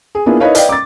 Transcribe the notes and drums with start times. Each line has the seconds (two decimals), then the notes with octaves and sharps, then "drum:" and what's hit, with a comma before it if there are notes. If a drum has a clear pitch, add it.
0.15 G#4
0.26 A#3 B3 D4 E4 F4 G#4
0.40 D#4 E4 A#4 B4 C#5 F5
0.55 B4 D5 D#5 F5 G5, drum: hi-hat
0.69 D6 A6